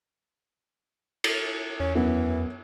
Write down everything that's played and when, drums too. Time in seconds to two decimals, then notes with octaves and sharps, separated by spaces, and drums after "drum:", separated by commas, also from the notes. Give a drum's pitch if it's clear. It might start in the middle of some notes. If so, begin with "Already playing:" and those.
1.24 drum: cymbal
1.80 E2 C#4
1.95 F#2 E3 B3